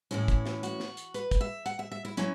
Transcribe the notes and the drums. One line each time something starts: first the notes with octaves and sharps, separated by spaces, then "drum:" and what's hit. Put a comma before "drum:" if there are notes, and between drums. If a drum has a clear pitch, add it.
A2 E3 C#4 E4, drum: hi-hat
drum: kick, hi-hat
drum: snare
F#4, drum: hi-hat
drum: snare
drum: hi-hat
B4, drum: hi-hat
drum: kick, hi-hat
E5
F#5, drum: hi-hat
E5
E5
E4
F#3 C#4 E4, drum: hi-hat